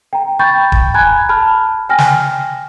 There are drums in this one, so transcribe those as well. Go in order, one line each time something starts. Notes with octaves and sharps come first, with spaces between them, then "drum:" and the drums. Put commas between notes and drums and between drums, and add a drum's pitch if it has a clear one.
G5 A#5
G5 B5 C#6 G6 A6
drum: kick D#1
G#5 A#5 B5 F#6 G#6
A5 B5 F6
G5 G#5 F6 A#6
drum: snare